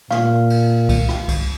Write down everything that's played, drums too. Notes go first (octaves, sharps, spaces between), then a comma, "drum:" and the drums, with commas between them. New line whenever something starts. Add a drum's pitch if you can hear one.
A#2 F5, drum: rim click
drum: cymbal
drum: kick C2, cymbal
drum: rim click
drum: kick C2, cymbal